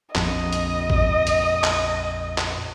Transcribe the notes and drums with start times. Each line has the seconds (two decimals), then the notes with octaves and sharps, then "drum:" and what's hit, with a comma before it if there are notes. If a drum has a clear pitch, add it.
0.15 A#1 F2 D#5, drum: clap
0.53 drum: hi-hat
0.90 drum: kick A#1
1.27 drum: hi-hat
1.64 drum: clap
2.38 drum: clap